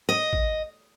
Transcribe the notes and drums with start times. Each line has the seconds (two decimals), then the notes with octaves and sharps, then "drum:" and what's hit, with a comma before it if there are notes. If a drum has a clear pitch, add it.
0.09 D#5
0.33 drum: kick G#1